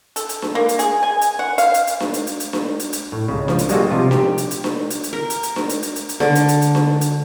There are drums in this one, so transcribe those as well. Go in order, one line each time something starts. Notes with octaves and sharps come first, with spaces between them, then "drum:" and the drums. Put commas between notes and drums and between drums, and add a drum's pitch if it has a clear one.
A4, drum: hi-hat
drum: hi-hat
drum: snare D4
A#3
drum: hi-hat
G#4, drum: hi-hat
G#5
drum: hi-hat
F#5
F5, drum: hi-hat
drum: hi-hat
drum: hi-hat
drum: snare D4
drum: hi-hat
drum: hi-hat
drum: hi-hat
drum: snare D4
drum: hi-hat
drum: hi-hat
A2
C#2 C#3
F3, drum: snare D4
drum: hi-hat
G3 G#3 A#3 F4 F#4 A4, drum: hi-hat
C3 F3 F4
G4, drum: snare D4
drum: hi-hat
drum: hi-hat
drum: snare D4
drum: hi-hat
drum: hi-hat
A#4
drum: hi-hat
drum: hi-hat
drum: snare D4
drum: hi-hat
drum: hi-hat
drum: hi-hat
drum: hi-hat
D3, drum: snare D4
drum: hi-hat
drum: hi-hat
drum: hi-hat
drum: snare D4
drum: hi-hat